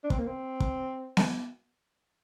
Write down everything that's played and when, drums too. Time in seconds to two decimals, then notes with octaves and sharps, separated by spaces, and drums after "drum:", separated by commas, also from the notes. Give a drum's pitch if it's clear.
0.04 D4
0.10 C4, drum: kick
0.19 A#3
0.27 C4
0.60 drum: kick
1.17 drum: snare B3